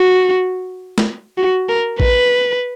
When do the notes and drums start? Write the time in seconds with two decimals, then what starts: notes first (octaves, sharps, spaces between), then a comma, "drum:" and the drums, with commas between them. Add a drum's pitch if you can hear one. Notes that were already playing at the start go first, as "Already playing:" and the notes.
Already playing: F#4
0.98 drum: snare
1.38 F#4
1.69 A#4
2.00 B4, drum: kick A1